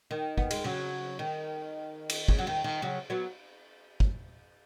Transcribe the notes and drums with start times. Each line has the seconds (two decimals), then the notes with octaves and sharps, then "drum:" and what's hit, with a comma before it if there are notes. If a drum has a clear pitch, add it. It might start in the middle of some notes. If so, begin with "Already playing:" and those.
0.11 D#3
0.38 B3, drum: kick
0.51 G#3, drum: cymbal
0.64 C#3 F#3
1.19 D#3
2.10 drum: cymbal
2.28 C#3, drum: kick
2.38 F#3
2.47 D#3
2.64 D#3
2.82 C#3 F#3
3.10 F#3 B3
4.00 drum: kick